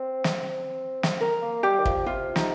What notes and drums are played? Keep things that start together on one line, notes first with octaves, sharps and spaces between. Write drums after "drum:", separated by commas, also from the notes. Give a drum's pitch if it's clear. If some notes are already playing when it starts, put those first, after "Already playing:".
Already playing: C4
drum: snare
C4
drum: snare
A#4
A#3
G3 G4
D#3
F3, drum: kick
C3 F4
D#4, drum: snare